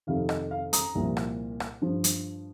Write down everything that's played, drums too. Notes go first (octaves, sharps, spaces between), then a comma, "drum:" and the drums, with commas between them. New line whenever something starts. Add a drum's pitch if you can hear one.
F2 C3 D#3 F5
D#5, drum: rim click
F5
A#5 D#6, drum: hi-hat
C2 A#2 F3
drum: rim click
drum: rim click
G2 F3
drum: hi-hat